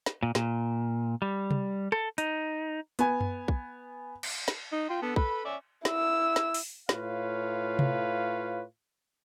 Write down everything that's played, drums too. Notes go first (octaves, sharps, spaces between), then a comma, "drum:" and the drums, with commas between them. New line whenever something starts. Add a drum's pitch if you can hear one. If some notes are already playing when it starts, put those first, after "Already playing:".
drum: snare
A#2
A#2, drum: snare
G3
drum: tom C3
A4, drum: rim click
D#4, drum: hi-hat
B3 G#5, drum: hi-hat
drum: tom F#2
drum: kick
drum: cymbal
drum: snare
D#4
F4 G5 C6
D3 B3 A4
A4 B4 B5, drum: kick
C#4 D5 E5
E4 E6, drum: snare
drum: snare
drum: open hi-hat
A2 F4 B4 C#5 F5, drum: snare
drum: tom C3